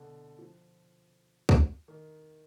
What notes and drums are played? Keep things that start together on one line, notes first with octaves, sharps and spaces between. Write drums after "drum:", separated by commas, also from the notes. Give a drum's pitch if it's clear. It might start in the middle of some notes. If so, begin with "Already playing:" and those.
Already playing: B2 D3
F3
drum: kick C#2
D#3